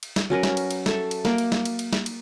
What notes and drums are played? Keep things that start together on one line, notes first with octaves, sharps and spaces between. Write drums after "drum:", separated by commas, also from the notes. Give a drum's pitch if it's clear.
drum: cymbal
drum: snare
F#3 C#4 A#4 B4
drum: snare
drum: cymbal
drum: cymbal
A4 E5, drum: snare
drum: cymbal
A#3 D6, drum: snare
drum: cymbal
drum: snare
drum: cymbal
drum: cymbal
drum: snare
drum: cymbal